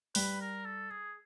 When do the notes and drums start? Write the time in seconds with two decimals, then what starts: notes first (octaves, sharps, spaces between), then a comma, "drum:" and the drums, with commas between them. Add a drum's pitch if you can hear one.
0.15 G3 B4, drum: open hi-hat
0.41 A#4
0.65 A4
0.90 G#4